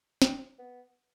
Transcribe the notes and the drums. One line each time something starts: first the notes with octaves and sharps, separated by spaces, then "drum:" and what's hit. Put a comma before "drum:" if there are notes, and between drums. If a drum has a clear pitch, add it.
C4, drum: snare
B3